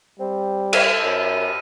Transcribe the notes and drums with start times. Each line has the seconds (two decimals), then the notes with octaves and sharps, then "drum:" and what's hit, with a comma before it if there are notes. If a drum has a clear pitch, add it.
0.20 G3 C4
0.73 D#7, drum: cymbal
1.03 F#2